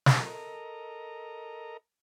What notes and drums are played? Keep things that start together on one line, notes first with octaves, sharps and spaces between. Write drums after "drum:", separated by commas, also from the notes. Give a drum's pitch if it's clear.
drum: snare
A4 A#4 D#5 A#5